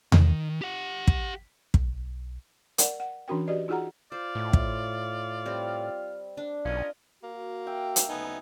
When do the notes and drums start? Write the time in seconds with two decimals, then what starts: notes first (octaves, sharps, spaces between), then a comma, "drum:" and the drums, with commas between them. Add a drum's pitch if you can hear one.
0.12 D#3, drum: tom E2
0.62 G4 F#5
1.07 drum: kick
1.74 B1, drum: kick
2.78 A#4 D5 F#5, drum: hi-hat
3.00 F#5
3.28 E3 C#4 D4 F#4 A#4 G5
3.47 F#4 G4 B4 D5 D#5
3.68 D#4 F4 F#4 G#4 F#5 A#5
4.12 F4 C5 D5 F6
4.35 A2
4.53 drum: kick
5.46 G3 C4
6.37 D4
6.65 B1 C#4 F4 A#4 D#5
7.23 A#3 F#4
7.67 E5 G5
7.96 drum: hi-hat
8.09 F#1 D2 B3 D#4 G#5